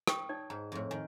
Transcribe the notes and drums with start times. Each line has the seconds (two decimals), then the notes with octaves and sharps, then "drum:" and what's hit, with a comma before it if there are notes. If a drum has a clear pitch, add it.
0.07 G5 C#6 D#6, drum: rim click
0.29 D#4 C#5 D5
0.50 G#2 A#5
0.72 F2 A2
0.91 D#3 G#5